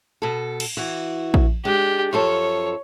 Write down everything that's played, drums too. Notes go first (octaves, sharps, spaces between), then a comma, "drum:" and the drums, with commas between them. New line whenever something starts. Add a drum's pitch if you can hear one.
B2 A4
drum: cymbal
E3 F#4
drum: kick A#1
G#3 D4 G4
F#2 F3 A4 C#5